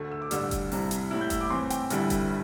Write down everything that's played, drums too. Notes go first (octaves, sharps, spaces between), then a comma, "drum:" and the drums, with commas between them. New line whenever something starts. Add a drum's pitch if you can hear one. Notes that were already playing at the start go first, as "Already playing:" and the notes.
Already playing: D2 D3 A3
E6
D6
A1 G2 D3 G3 D4 E6, drum: hi-hat
drum: kick F1, hi-hat
C2 C3 G3 E4, drum: open hi-hat
drum: hi-hat
A2 G3 E4 E6
G6
E6, drum: kick F1, hi-hat
D6
A2 E3 C4 C6
G5, drum: hi-hat
G1 G2 D3 G3 E4, drum: hi-hat
drum: kick F1, hi-hat